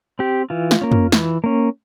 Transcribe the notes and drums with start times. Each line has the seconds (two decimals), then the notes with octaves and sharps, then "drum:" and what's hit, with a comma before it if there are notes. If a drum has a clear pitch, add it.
0.19 C4 G4
0.50 E3 F4
0.71 drum: snare
0.81 A#3 C#4
0.92 drum: tom
1.12 E3, drum: snare
1.44 A#3 C#4